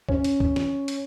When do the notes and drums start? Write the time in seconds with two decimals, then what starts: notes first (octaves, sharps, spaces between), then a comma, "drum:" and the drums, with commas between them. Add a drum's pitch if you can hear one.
0.09 C#4, drum: kick C2
0.24 drum: hi-hat
0.40 drum: kick C2
0.56 drum: snare
0.88 drum: hi-hat